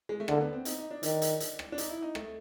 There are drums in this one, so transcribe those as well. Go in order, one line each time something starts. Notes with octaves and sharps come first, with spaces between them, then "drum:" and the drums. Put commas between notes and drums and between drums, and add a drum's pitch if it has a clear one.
G#3
A3
D3 A#3, drum: rim click
B3
C4
D#4, drum: hi-hat
D#4
D4
D#3 D4, drum: hi-hat
drum: hi-hat
drum: hi-hat
drum: rim click
D4
D#4, drum: hi-hat
E4
D#4
A3, drum: rim click